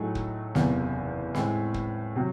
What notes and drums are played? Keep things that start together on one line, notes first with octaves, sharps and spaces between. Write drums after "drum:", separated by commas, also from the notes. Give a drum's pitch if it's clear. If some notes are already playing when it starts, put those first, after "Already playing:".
Already playing: A2 F#3 A3 D#4 G#4
drum: kick
F#1 E2 C3, drum: snare
A2 G#3 C4, drum: snare
drum: kick
C3 F#3